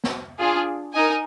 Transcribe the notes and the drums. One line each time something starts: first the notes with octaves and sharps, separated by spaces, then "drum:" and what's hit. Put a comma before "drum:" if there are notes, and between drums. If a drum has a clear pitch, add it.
drum: snare
D4 F4 G#4
D#4 A#4 D#5 G#5